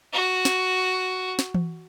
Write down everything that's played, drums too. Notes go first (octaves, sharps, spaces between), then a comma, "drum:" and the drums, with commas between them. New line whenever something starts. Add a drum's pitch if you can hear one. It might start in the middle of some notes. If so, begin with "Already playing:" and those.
F#4
drum: snare
drum: snare
drum: tom E3